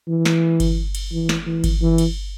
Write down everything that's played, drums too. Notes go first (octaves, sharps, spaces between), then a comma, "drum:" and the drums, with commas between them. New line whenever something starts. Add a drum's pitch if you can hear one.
E3
drum: snare
drum: kick G1, cymbal
drum: cymbal
E3
drum: snare
E3
drum: kick G1, cymbal
E3
drum: cymbal